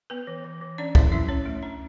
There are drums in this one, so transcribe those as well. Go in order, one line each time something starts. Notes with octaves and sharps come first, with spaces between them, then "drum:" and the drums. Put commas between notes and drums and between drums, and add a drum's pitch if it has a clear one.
B3 B4
E3
E3
E3
C#4 D4 D5
C#4 E4 E5, drum: kick
F#3 E4 E5
C#4 C#5
A3
D4